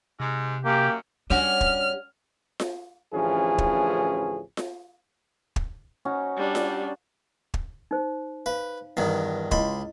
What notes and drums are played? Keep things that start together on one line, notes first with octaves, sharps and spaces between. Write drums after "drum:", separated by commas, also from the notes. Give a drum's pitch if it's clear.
G#2 C3
F#2 A#3 G4
G3 C#4 D4 F#4 F6
drum: kick
drum: snare F4
A1 D2 E3 F3 C#4 G#4
drum: kick
drum: snare F4
drum: kick
C#4 D#4 F#4
G3 D4
drum: snare F4
drum: kick
D#4 C5
B4 F5
E2 G2 D#3
C#2 E4 D#5 B5 C6, drum: kick